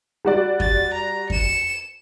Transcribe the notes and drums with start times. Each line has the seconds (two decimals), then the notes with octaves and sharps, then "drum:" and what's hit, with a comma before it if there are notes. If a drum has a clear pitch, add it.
0.25 G3 F#4 D5
0.60 A6, drum: kick F2
0.94 A#5
1.30 C#7 E7, drum: kick F2